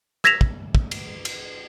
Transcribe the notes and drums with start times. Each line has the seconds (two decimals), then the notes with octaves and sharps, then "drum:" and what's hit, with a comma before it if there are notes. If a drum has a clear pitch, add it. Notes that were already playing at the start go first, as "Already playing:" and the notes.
0.24 E6 G#6 A#6 B6 E7 F7, drum: rim click
0.41 drum: kick
0.75 drum: kick
0.91 drum: cymbal
1.25 drum: cymbal